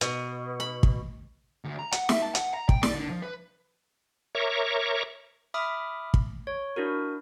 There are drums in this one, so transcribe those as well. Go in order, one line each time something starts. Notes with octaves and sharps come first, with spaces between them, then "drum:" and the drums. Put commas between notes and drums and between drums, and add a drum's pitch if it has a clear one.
B2, drum: hi-hat
B5
drum: kick
D2
A#5
F#5, drum: hi-hat
E5, drum: snare
A5
F#5, drum: hi-hat
A#5
G5, drum: kick
D5, drum: snare
D3
F3
B4
A#4 C#5 E5 A#5 C#6 D6
E5 B5 D6 D#6 F6
drum: kick
C#5
D4 E4 F#4 A#4